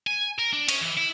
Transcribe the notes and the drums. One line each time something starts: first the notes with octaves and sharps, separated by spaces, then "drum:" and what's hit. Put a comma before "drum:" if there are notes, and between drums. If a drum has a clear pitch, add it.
G#5
A#4
D4
C#4, drum: cymbal
E3
E4